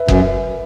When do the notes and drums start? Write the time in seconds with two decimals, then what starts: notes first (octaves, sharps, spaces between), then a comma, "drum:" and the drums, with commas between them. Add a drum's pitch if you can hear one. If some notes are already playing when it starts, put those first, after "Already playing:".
Already playing: B4 E5
0.08 F#2, drum: kick F#1